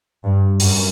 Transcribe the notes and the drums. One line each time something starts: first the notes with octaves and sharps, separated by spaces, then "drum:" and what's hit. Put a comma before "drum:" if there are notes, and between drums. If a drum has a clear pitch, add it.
G2
F#2, drum: open hi-hat